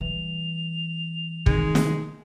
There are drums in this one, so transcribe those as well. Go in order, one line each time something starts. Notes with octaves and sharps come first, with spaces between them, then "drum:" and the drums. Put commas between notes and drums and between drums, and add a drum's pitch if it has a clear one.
E3 G3 F7
C3 D#3 G#3, drum: kick
drum: snare